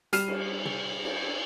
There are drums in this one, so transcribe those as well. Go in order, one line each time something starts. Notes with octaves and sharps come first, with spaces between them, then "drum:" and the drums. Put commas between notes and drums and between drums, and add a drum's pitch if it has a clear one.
G3 F6 C7 D#7 E7, drum: hi-hat
drum: cymbal
drum: tom
drum: cymbal